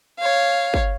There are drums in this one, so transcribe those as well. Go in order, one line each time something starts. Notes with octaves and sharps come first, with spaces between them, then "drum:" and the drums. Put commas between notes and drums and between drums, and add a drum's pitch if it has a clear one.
C#5 F5
drum: kick